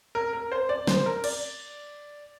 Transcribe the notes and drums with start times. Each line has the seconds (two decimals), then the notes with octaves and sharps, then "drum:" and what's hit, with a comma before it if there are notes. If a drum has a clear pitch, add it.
0.15 A#4
0.33 A#4
0.52 C5
0.69 D5
0.87 C5, drum: snare
1.06 A#4
1.24 D5, drum: cymbal